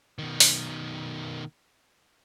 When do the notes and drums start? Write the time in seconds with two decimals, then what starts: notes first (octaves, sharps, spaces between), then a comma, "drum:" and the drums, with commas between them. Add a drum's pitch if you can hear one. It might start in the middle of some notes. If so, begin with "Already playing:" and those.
0.19 B2 D#3
0.40 drum: open hi-hat